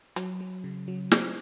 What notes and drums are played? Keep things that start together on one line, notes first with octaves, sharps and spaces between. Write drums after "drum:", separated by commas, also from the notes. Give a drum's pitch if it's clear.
F#3, drum: hi-hat
F#3
C#3
F#3
C4, drum: snare